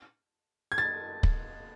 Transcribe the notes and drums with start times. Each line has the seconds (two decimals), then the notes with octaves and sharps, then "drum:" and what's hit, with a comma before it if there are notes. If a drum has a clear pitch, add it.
0.72 G#6
0.78 A6
1.23 drum: kick